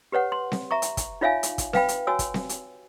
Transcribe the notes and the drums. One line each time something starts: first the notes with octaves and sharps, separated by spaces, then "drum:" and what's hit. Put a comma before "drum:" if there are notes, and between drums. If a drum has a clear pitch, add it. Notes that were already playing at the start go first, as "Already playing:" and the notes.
G4 B4 C#5 F#5
C6
drum: snare C4
E5 A#5 C#6
drum: hi-hat
drum: kick, hi-hat
D#4 F4 C#5 E5 F5 G#5
drum: hi-hat
drum: kick, hi-hat
B4 F5 G5 B5, drum: snare C4
drum: hi-hat
F#4 C#5 G#5 E6
drum: kick, hi-hat
drum: snare C4
drum: hi-hat